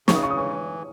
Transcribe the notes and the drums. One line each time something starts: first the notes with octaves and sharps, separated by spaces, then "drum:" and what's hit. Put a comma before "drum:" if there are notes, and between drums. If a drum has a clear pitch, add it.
C#3 C#6, drum: snare
D#6
C#6
D#6
E3 C#6